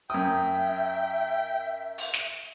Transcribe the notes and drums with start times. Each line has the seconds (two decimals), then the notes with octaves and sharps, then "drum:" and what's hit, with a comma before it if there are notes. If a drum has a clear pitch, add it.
0.10 F#2 E5 G5 D#6
1.98 drum: open hi-hat
2.14 drum: snare